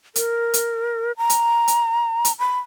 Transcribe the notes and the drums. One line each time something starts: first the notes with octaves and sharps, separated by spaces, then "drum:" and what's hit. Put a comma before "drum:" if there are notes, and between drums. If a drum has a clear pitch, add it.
A#4, drum: hi-hat
drum: hi-hat
A#5
drum: hi-hat
drum: hi-hat
drum: hi-hat
B5